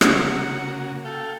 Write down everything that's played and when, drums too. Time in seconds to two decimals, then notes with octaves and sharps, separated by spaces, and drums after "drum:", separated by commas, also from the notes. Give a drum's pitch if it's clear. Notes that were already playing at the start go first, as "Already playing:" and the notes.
0.01 C#3 A#3 F#4 F#5, drum: rim click
1.05 A4 F5 G5